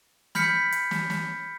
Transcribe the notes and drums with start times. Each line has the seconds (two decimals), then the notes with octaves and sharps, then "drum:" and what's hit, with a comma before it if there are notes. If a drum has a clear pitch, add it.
0.35 B5 F6 G6 B6 C#7, drum: snare
0.72 drum: hi-hat
0.91 drum: snare
1.10 drum: snare